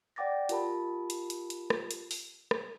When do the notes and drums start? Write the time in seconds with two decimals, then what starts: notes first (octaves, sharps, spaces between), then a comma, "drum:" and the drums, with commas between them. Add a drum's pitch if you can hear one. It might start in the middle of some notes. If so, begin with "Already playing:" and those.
0.16 D5 F#5 G5 D6 A6 A#6
0.49 F4 G4 A#4 A5 B5, drum: hi-hat
1.10 drum: hi-hat
1.30 drum: hi-hat
1.50 drum: hi-hat
1.70 drum: rim click
1.91 drum: hi-hat
2.11 drum: open hi-hat
2.51 drum: rim click